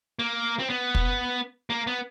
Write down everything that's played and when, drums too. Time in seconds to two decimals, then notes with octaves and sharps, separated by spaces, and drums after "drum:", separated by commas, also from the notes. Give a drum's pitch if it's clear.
0.19 A#3
0.59 C4
0.70 B3
0.95 drum: kick
1.70 A#3
1.87 B3